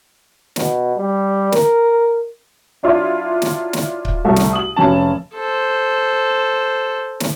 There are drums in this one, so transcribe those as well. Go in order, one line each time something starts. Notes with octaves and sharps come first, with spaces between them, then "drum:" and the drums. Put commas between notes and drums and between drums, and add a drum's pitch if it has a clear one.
B2, drum: snare
G3
A#4, drum: snare
F#3 D4 E4 F4
drum: snare
drum: snare
drum: kick C#1
C2 A3
drum: snare
D#6 F#7
F1 C#4 A5
A4 C5
drum: snare